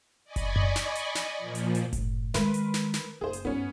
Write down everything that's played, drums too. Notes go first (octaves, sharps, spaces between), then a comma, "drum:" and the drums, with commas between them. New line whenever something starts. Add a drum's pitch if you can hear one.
D5 D#5 G#5 B5 C#6
drum: kick F#1, hi-hat
drum: tom F#2
drum: snare
drum: hi-hat
drum: snare
A#2 F3
drum: hi-hat
drum: hi-hat
A2, drum: kick F#1, hi-hat
D#3 G#3 A#4 B4 C6, drum: snare
drum: hi-hat
drum: snare
drum: snare
F#1 G#4 C5
drum: hi-hat
G2 B3 C#4